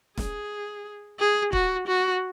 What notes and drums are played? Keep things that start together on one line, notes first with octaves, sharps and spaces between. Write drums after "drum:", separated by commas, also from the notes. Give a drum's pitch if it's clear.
G#4, drum: snare
G#4
F#4, drum: kick
F#4